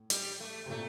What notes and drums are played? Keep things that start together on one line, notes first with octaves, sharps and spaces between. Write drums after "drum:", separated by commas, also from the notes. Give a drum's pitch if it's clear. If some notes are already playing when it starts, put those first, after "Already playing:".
Already playing: A2
G3, drum: hi-hat
A3
C3
A#2 A3